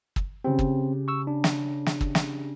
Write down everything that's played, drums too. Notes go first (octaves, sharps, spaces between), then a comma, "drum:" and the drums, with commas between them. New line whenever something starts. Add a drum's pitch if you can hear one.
drum: kick
C#3 C4 G4
drum: kick
C#6 E6
D4
drum: snare
drum: snare
drum: kick
drum: snare